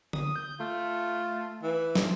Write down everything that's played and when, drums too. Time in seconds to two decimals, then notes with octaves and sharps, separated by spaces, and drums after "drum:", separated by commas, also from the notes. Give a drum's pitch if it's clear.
0.13 D#6, drum: tom D3
0.36 G6
0.60 A3 F4
1.63 E3
1.95 F3, drum: snare